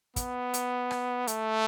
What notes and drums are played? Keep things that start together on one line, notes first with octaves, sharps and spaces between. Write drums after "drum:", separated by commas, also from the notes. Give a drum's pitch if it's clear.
B3, drum: kick, hi-hat
drum: hi-hat
drum: rim click
A3, drum: hi-hat